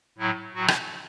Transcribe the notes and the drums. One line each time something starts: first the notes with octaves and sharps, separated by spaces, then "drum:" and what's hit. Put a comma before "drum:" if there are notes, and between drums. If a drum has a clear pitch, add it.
A2 F#3 E4
A2 F#3 F#4
drum: rim click